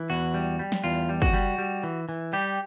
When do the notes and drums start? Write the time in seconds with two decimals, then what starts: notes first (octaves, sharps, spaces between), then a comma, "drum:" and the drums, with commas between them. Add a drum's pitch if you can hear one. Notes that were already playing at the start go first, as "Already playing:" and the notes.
Already playing: E3
0.10 E2 F#4
0.34 G3
0.59 G3
0.72 drum: snare
0.84 E2 F4
1.09 G3
1.22 F#4, drum: kick
1.34 G3
1.58 G3
1.83 E3
2.09 E3
2.33 G3 G4